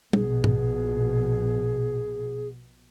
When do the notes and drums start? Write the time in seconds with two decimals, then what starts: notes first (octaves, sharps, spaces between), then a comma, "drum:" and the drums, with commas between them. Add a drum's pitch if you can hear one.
0.13 A#1 B2 G#4, drum: tom
0.44 drum: tom G#2